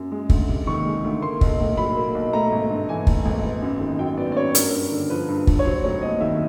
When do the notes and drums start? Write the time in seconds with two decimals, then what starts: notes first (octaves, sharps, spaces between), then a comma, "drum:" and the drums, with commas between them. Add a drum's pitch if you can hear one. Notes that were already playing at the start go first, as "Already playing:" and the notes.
Already playing: F#2
0.12 G#3
0.29 D2, drum: kick
0.49 C3
0.67 D#3 C#6
0.86 G#3
1.04 D2
1.22 A#3 C6
1.41 B1, drum: kick
1.60 A2
1.77 F#3 B5
1.97 A#3
2.15 B1
2.33 A3 A#5
2.52 G#1
2.70 G2
2.89 E3 G#5
3.07 A3, drum: kick
3.25 G#1
3.44 B3
3.62 F#2
3.80 D#3
3.99 F#3 G5
4.17 B3 D5
4.32 D5
4.36 F#2 C#5
4.55 G2 A#4, drum: hi-hat
4.73 G2
4.92 D3
5.10 F3 B4
5.28 G2
5.47 G2, drum: kick
5.59 C#5
5.65 F#3 C5
5.84 F1 C#5
6.02 D#2 D#5
6.21 D#3 E5